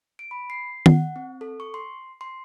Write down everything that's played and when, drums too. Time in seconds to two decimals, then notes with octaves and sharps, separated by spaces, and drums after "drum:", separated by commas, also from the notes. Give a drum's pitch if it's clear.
0.19 D7
0.31 B5
0.50 C7
0.86 F#5, drum: tom D#3
1.16 C4
1.41 A4
1.60 C#6
1.74 C6
2.21 C6